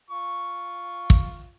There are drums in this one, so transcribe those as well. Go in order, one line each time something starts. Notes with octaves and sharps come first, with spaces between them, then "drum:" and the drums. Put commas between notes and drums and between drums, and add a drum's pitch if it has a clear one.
F4 C#6
drum: kick